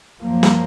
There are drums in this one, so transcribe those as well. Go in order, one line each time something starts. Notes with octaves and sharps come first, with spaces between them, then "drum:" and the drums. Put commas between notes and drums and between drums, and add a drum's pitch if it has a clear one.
F#2 F3 A#3
drum: snare